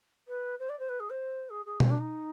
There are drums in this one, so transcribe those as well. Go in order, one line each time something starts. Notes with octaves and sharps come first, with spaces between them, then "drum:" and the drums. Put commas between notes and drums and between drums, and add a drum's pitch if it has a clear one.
B4
C5
D5
C5
B4
G#4
C5
G#4
G#4
C4, drum: tom B2
D4
D#4